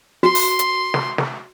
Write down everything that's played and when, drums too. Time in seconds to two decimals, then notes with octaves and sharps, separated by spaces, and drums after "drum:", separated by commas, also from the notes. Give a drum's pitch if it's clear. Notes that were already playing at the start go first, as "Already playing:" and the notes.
0.23 F#4 C6
0.35 drum: open hi-hat
0.59 drum: hi-hat
0.94 drum: snare
1.18 drum: snare